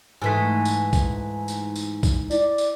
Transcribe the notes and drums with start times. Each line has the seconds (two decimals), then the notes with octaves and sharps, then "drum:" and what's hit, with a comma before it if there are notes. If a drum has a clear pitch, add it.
0.22 G#2 E3 A3 G#5 B6
0.65 drum: tambourine
0.93 drum: kick, tambourine
1.48 drum: tambourine
1.76 drum: tambourine
2.03 drum: kick, tambourine
2.31 E4 D5, drum: tambourine
2.58 drum: tambourine